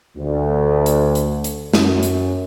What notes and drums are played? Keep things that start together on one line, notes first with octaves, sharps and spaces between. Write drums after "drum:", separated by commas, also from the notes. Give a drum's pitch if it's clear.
D2
drum: hi-hat
drum: hi-hat
drum: hi-hat
F#2, drum: snare
drum: hi-hat